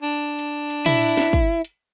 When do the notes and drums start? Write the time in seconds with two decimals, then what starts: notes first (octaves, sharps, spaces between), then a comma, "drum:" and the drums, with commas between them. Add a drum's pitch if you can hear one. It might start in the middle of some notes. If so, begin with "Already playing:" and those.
0.02 D4
0.39 drum: hi-hat
0.70 drum: hi-hat
0.86 E4, drum: tom
1.02 drum: hi-hat
1.17 drum: snare
1.33 drum: kick, hi-hat
1.64 drum: hi-hat